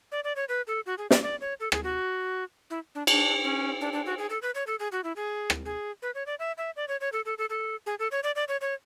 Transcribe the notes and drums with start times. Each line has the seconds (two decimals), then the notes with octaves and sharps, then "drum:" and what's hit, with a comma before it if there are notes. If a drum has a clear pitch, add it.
0.12 D5
0.24 D5
0.36 C#5
0.49 B4
0.67 A4
0.86 F#4
0.98 G#4
1.11 D5, drum: snare
1.23 D5
1.41 C#5
1.60 A4
1.72 G#4, drum: rim click
1.84 F#4
2.70 E4
2.95 D4
3.07 D4, drum: cymbal
3.44 C#4
3.81 D4
3.93 D4
4.06 F#4
4.18 G#4
4.30 A4
4.42 B4
4.55 C#5
4.67 A4
4.80 G#4
4.92 F#4
5.04 E4
5.16 G#4
5.50 drum: rim click
5.65 G#4
6.02 B4
6.15 C#5
6.26 D5
6.39 E5
6.58 E5
6.76 D5
6.88 C#5
7.01 C#5
7.12 A4
7.26 A4
7.38 A4
7.50 A4
7.86 G#4
7.99 A4
8.11 C#5
8.23 D5
8.36 D5
8.48 C#5
8.61 C#5